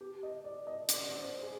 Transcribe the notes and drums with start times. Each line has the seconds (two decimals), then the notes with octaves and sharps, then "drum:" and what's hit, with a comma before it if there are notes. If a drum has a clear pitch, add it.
0.01 G4
0.23 D#5
0.44 D5
0.67 D#5
0.89 D5, drum: hi-hat
1.19 C5
1.43 G#4